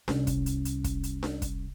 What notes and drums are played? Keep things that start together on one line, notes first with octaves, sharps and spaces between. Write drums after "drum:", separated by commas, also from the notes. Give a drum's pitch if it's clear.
C2 C#4, drum: snare D4
drum: kick, hi-hat
drum: hi-hat
drum: hi-hat
drum: kick, hi-hat
drum: hi-hat
drum: snare D4
drum: kick, hi-hat